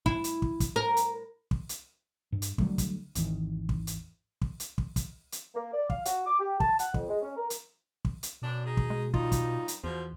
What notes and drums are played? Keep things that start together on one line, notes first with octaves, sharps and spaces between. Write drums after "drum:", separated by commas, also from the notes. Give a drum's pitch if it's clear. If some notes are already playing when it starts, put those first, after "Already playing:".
E4, drum: kick
drum: hi-hat
drum: kick
drum: kick, hi-hat
A#4
drum: hi-hat
drum: kick
drum: hi-hat
G2
drum: hi-hat
D3 F#3 G3 A3, drum: kick
drum: kick, hi-hat
G#1 E2 D#3, drum: hi-hat
drum: kick
drum: hi-hat
drum: kick
drum: hi-hat
drum: kick
drum: kick, hi-hat
drum: hi-hat
A#3
D5
F5, drum: kick
F#4, drum: hi-hat
D6
G4
A5, drum: kick
F#5, drum: hi-hat
F2, drum: kick
G#3
C#4
A#4
drum: hi-hat
drum: kick
drum: hi-hat
F#2 B2 D4
D#4 G#4
drum: kick
G#3
G2 D#4 F4, drum: kick
drum: kick, hi-hat
drum: hi-hat
E2 B2 F3